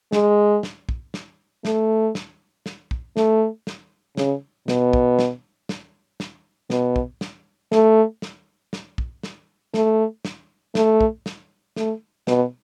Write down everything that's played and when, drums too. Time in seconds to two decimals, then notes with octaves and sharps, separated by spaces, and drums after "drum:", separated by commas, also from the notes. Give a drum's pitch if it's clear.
0.12 G#3, drum: snare
0.63 drum: snare
0.89 drum: kick
1.14 drum: snare
1.65 A3, drum: snare
2.15 drum: snare
2.66 drum: snare
2.91 drum: kick
3.17 A3, drum: snare
3.67 drum: snare
4.17 C#3, drum: snare
4.68 B2, drum: snare
4.93 drum: kick
5.19 drum: snare
5.69 drum: snare
6.20 drum: snare
6.70 B2, drum: snare
6.96 drum: kick
7.21 drum: snare
7.72 A3, drum: snare
8.22 drum: snare
8.73 drum: snare
8.98 drum: kick
9.23 drum: snare
9.74 A3, drum: snare
10.25 drum: snare
10.75 A3, drum: snare
11.01 drum: kick
11.26 drum: snare
11.76 A3, drum: snare
12.27 B2, drum: snare